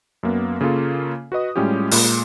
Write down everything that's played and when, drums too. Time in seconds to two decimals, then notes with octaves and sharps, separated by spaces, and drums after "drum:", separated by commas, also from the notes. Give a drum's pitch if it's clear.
0.23 F#2 A#3 B3
0.61 C#3 A#3 C#4 F4 A4
1.32 F#4 B4 D#5 D#6
1.56 A2 G3 G#3 C#4 F4 G4
1.91 A#2 G#3, drum: open hi-hat